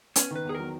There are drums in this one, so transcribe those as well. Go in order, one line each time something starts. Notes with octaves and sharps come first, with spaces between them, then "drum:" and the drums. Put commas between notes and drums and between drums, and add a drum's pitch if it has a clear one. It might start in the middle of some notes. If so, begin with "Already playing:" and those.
B3 C#4, drum: hi-hat
D#3 B4
E2 G#4
F#3 A#4